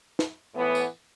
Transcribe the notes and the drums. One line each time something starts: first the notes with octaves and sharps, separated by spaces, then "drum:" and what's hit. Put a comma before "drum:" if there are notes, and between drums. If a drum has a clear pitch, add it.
drum: snare
A2 E3 B3 E4
drum: tambourine